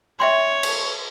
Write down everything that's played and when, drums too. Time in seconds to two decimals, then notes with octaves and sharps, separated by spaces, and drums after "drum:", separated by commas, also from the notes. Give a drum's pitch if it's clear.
0.20 C#5 E5 G5 C6
0.63 drum: cymbal